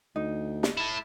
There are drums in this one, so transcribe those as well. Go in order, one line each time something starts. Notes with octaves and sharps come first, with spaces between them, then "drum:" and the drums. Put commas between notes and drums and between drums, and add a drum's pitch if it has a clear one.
D2 D#4
drum: snare
E4 A4